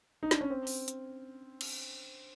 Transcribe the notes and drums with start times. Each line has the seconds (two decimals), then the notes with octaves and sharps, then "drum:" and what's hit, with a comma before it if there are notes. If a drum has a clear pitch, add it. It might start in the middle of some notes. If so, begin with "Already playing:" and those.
0.23 D#4
0.31 D4, drum: snare
0.41 C#4
0.50 C4
0.67 drum: open hi-hat
0.88 drum: hi-hat
1.61 drum: cymbal